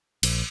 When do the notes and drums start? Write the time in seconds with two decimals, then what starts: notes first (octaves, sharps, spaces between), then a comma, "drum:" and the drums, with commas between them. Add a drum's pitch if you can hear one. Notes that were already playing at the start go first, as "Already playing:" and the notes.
0.23 A#1, drum: cymbal